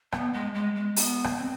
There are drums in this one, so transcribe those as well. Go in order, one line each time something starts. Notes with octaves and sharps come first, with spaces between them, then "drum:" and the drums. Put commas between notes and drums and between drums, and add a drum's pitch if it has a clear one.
B3, drum: rim click
G#3
G#3
G#3
B3, drum: open hi-hat
drum: rim click
C4